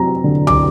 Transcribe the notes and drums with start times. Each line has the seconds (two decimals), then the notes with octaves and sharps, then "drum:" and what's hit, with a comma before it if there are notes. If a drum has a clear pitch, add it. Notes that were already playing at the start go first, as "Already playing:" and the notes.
Already playing: F#3 C4 A#5
0.24 D3
0.47 D6, drum: tom